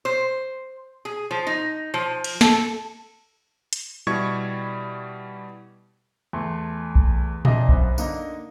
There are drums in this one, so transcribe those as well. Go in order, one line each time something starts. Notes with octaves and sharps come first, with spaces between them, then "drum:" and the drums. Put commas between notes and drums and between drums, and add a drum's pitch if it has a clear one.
C5
G#4
F3
D#4
F3
drum: cymbal
A4, drum: snare
drum: hi-hat
B2 G3 E4 C#6 G#6
E2 A3 C6
drum: kick B1
F2 A#2 A#3 D4 D#5 E5, drum: tom A#2
F#2 B3 C5 E5, drum: kick B1
D3 A#3 D#4 A#5, drum: tambourine